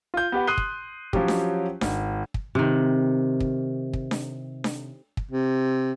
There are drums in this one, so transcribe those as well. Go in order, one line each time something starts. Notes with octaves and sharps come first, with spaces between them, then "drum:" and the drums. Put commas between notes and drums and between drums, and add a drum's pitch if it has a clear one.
F4 G6
B3 G4 F#5
C6 D#6 F#6 C7 D#7 G7
drum: kick
F3 F#3 C#4 G4, drum: kick
drum: snare D4
G#1, drum: snare D4
drum: kick
C3 D#3
drum: kick
drum: kick
drum: snare D4
drum: snare D4
drum: kick
C3